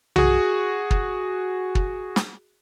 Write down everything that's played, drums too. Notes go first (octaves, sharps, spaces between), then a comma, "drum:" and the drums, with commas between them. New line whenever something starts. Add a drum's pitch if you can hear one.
F#4 G#4, drum: tom B1
drum: kick
drum: kick
drum: snare